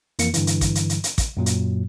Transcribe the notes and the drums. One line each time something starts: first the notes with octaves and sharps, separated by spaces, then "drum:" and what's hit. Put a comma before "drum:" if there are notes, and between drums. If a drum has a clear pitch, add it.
F2 E3 A#3 C#7, drum: hi-hat
G2 D3 E3, drum: hi-hat
drum: hi-hat
drum: kick, hi-hat
drum: hi-hat
drum: hi-hat
drum: hi-hat
drum: kick, hi-hat
F#2 A#2 F#3
drum: hi-hat